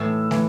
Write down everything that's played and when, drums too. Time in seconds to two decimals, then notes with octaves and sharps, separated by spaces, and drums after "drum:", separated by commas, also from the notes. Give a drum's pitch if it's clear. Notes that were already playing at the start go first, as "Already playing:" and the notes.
Already playing: A2 E3 E6
0.31 E3, drum: snare